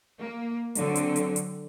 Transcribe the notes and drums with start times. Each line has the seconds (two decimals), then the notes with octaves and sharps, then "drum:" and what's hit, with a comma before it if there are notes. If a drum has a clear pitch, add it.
0.21 A#3
0.75 D3 F#3 C4, drum: hi-hat
0.95 drum: hi-hat
1.16 drum: hi-hat
1.36 drum: hi-hat